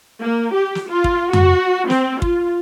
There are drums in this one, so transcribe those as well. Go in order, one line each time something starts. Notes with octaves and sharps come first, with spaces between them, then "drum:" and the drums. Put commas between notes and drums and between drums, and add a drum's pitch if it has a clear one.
A#3
G4
drum: snare
F4
drum: kick
F#4, drum: tom F2
C4, drum: snare
F4, drum: kick